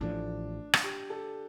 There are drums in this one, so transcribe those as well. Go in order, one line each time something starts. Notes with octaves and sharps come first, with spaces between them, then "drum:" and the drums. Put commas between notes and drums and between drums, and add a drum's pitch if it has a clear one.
A1 A2 F3 D4
drum: rim click
G4
A4